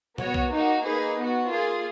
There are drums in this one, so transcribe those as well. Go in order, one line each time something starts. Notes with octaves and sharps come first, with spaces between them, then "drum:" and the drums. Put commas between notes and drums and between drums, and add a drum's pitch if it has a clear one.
B3 F#4 C#5, drum: tom A#2
drum: kick
A#3 D#4 F#4
A#3 D#4 G#4 B4
B3 F#4
A#3 F4 G#4